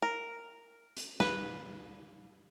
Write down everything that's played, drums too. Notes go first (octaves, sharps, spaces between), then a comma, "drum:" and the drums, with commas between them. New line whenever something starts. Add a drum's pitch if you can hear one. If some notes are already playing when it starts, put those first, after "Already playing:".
A#4
drum: hi-hat
B4, drum: snare